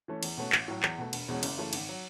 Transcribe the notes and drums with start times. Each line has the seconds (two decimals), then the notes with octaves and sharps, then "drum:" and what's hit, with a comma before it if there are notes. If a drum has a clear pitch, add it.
0.08 E3 A3 C#4
0.23 E2, drum: cymbal
0.37 B2 A3 C#4 F#4
0.52 A1, drum: clap
0.68 A2 F#3
0.83 E2, drum: clap
0.98 B2 A3
1.13 E1, drum: cymbal
1.28 E2 B2 G#3 C#4
1.43 F#1, drum: cymbal
1.58 F#2 C#3 E3 A3
1.73 G#1, drum: cymbal
1.89 F#3